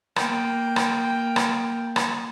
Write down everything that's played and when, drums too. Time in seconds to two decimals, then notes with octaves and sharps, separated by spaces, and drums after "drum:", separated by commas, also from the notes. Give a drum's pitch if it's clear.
0.16 A#3 G5, drum: rim click
0.76 drum: rim click
1.36 drum: rim click
1.96 drum: rim click